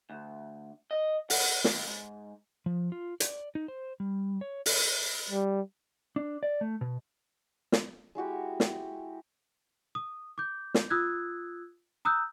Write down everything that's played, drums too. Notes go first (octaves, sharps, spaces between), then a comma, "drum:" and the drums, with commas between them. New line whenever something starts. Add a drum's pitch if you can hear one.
D2
D#5
F#5, drum: open hi-hat
drum: snare
D#2
G#2
F3
F4
D5, drum: hi-hat
D#4
C5
G3
C#5
drum: open hi-hat
G3
D4
D5
A3
B2
drum: snare
G#3 E4 F#4 G4
drum: snare
D#6
D6 G6
drum: snare
F4 D#6 E6 F#6 G#6
A#5 D#6 E6 F#6 G6